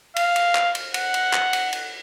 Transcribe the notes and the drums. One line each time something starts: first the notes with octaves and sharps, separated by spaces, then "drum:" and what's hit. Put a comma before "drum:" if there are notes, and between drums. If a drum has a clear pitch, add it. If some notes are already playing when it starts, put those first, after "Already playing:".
F5, drum: cymbal
drum: cymbal
drum: clap
drum: cymbal
F#5, drum: cymbal
drum: cymbal
drum: clap
drum: cymbal
drum: cymbal